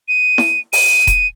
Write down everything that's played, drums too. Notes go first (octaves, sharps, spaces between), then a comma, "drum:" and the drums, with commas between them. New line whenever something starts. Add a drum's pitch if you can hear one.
D#7
drum: snare E4
D#7, drum: open hi-hat
drum: kick E1, hi-hat